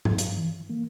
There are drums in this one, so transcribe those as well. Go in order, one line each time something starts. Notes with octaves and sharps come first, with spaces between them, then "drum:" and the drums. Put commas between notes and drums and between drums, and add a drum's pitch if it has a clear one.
G2, drum: tom G#2
drum: hi-hat
E3
A#3